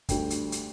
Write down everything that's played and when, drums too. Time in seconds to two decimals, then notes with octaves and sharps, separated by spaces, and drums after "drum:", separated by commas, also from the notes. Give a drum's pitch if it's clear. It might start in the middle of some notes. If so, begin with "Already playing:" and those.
0.09 D2 D3 G3 G5, drum: kick, hi-hat
0.30 drum: hi-hat
0.52 drum: hi-hat